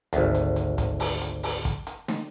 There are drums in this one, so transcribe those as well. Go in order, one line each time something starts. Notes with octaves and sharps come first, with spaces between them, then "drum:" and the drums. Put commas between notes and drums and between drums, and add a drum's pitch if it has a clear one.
G#1 D2, drum: hi-hat
drum: hi-hat
drum: hi-hat
drum: kick, hi-hat
drum: open hi-hat
drum: hi-hat
drum: open hi-hat
drum: kick, hi-hat
drum: hi-hat
drum: snare